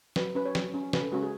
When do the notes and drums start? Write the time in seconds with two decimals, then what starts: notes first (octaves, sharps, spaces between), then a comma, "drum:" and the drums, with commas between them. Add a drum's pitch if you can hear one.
0.16 F#3 B4, drum: snare
0.35 C#4 B4
0.46 C#5
0.55 F#3, drum: snare
0.74 C#4
0.93 C#3 B4, drum: snare
1.02 A4
1.12 G#3 C#4 F#4
1.22 G#4